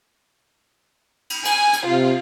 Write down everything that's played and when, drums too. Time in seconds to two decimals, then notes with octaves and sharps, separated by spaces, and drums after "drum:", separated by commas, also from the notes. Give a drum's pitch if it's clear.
1.30 drum: cymbal
1.45 G#5, drum: cymbal
1.73 drum: hi-hat
1.86 C3 F4